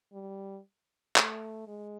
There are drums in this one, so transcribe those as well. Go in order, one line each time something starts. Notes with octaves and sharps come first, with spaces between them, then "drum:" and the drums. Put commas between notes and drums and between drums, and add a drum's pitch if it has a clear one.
G3
A3, drum: clap
G#3